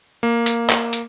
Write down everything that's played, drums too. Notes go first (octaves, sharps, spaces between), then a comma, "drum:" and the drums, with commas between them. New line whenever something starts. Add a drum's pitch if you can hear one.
A#3
drum: hi-hat
drum: clap
drum: hi-hat